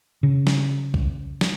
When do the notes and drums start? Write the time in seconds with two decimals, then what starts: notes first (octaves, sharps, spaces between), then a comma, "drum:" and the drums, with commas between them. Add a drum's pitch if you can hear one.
0.23 C#3
0.47 drum: snare
0.94 drum: kick B1
1.41 drum: snare